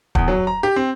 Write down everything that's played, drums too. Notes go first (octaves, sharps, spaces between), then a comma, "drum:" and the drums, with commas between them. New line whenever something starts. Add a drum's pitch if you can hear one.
E2, drum: kick
F#3
A#5
G4
C4